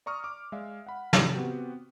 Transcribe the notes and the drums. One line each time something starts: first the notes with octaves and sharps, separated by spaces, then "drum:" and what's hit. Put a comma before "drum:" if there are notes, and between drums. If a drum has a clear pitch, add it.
D5 A#5 C#6 D#6 F6
D6
G#3 D5 E5 F5
F#5 B5
A2 C#3 E3 F#3, drum: snare
B3 C4 F#4 G4